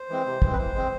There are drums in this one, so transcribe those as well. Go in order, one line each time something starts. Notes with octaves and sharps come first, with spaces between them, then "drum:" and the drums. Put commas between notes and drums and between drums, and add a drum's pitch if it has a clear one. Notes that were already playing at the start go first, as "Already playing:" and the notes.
Already playing: C5
E3 G#3 C4
C3
E3 G#3 C4, drum: kick
B4
E3 C5
G#3 C4